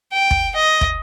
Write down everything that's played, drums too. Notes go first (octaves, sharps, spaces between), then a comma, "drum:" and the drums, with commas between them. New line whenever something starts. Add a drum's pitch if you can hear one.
G5
drum: kick
D#5
drum: kick